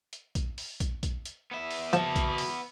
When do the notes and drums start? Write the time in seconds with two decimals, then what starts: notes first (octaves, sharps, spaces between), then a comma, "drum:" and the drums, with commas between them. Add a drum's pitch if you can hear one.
0.13 drum: hi-hat
0.35 drum: kick, hi-hat
0.58 drum: open hi-hat
0.80 drum: kick, hi-hat
1.03 drum: kick, hi-hat
1.25 drum: hi-hat
1.51 B3 E5
1.71 drum: open hi-hat
1.93 F3 F#4 A5, drum: hi-hat
2.16 drum: kick, hi-hat
2.38 drum: open hi-hat